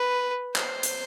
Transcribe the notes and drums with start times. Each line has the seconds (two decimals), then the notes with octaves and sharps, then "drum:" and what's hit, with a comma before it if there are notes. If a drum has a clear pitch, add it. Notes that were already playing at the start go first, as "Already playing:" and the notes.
Already playing: B4
0.56 C5, drum: clap
0.83 drum: hi-hat